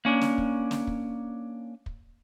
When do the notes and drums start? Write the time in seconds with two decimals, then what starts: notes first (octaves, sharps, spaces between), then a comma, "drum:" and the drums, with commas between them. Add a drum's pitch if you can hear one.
0.05 A#3 C#4 D4
0.21 drum: snare
0.38 drum: kick
0.71 drum: snare
0.87 drum: kick
1.86 drum: kick